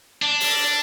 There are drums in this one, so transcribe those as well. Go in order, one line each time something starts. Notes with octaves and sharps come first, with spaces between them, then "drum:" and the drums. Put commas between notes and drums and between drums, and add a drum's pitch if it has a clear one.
D4
drum: open hi-hat